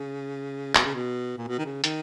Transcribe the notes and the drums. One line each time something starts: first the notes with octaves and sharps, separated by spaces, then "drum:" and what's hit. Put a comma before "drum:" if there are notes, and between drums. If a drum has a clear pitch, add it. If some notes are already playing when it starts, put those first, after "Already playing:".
Already playing: C#3
B2, drum: clap
C#3
B2
A#2
B2
D#3
C#3
D#3, drum: hi-hat